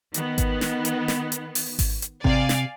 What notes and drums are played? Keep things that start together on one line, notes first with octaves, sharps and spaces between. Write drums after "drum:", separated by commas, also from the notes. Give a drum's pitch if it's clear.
D#3 B3, drum: hi-hat
drum: kick G#1, hi-hat
drum: snare
drum: hi-hat
drum: snare
drum: hi-hat
drum: open hi-hat
drum: kick G#1, open hi-hat
drum: hi-hat
C3 D5 F5 G#5, drum: kick G#1
drum: snare